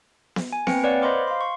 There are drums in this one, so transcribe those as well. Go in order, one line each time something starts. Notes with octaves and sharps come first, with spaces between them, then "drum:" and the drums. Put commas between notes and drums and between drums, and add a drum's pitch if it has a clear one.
drum: snare B3
G#5
A#3 C4 B4 G5 G#5 C#7, drum: snare B3
B4 C#5 D5 F5 F#5
C5 D#5 B5 C6 D6 F6
F5 C6
C#6